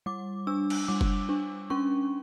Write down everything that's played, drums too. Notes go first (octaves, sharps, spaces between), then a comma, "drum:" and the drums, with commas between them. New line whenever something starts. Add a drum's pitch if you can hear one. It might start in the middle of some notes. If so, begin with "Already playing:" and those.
G3 D6
D4 E6
drum: cymbal
G3 D6
drum: kick F#1
D4
C#4 C#6